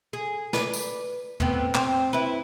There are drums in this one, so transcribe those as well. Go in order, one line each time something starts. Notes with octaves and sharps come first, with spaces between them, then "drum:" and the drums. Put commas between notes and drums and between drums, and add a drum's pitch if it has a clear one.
G#4
B4 D5, drum: snare
drum: tambourine
A2 B3 C4, drum: tom
C4, drum: clap
E4 B4